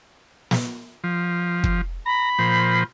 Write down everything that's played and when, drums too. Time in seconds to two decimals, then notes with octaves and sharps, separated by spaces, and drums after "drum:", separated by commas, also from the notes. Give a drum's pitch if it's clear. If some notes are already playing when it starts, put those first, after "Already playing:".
0.51 drum: snare
1.04 F3
1.64 drum: kick
2.06 A#5 B5
2.39 A#2 F3 C5